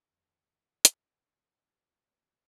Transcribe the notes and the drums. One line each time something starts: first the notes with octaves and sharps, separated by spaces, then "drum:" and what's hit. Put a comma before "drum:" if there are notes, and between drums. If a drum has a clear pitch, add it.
F2 D#3
D2, drum: hi-hat